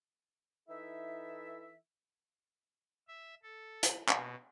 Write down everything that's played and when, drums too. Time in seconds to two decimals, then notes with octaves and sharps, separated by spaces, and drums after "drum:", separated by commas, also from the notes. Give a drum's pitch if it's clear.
0.68 E3 D#4 E4 A4 E5
3.08 E5
3.43 A4
3.83 drum: hi-hat
4.08 B2, drum: clap